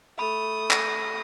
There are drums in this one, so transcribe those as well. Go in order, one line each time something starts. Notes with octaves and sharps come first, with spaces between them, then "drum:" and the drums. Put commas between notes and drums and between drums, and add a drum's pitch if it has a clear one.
A3 B5 D#6
A#6, drum: clap